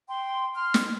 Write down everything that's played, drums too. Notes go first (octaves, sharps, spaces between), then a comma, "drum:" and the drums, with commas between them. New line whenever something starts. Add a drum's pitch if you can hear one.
G5 C6
C6 F6
drum: snare